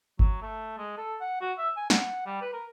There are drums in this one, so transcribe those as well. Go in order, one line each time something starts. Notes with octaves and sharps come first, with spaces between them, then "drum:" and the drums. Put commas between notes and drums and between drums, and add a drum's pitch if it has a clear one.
F#3, drum: kick G1
A3
G#3
A4
F#5
F#4
E5
G#5
F#5, drum: snare
G3
B4
A#4